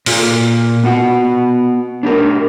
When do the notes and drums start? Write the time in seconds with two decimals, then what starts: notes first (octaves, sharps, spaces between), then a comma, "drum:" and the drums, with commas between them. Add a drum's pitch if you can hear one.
0.06 A#2 F4, drum: open hi-hat
0.84 B3 F#4 F#5
2.03 D4 G4 A#4